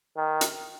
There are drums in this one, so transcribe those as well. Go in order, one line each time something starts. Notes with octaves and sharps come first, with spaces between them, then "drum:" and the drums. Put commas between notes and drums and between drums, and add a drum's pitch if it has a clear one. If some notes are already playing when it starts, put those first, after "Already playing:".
D#3
drum: hi-hat